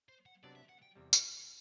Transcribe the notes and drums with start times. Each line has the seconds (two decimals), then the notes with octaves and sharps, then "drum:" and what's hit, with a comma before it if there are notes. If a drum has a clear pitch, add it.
0.09 C5
0.26 F#5
0.43 C3 F#3 B3 D4 D5
0.56 E5
0.69 F#5
0.83 G5
0.95 E2 C3 G3
1.13 drum: tambourine